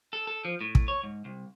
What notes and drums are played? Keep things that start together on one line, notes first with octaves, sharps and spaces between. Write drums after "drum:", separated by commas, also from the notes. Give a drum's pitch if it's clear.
A4
A4
F3
A2
drum: kick
C#5
G#2
C2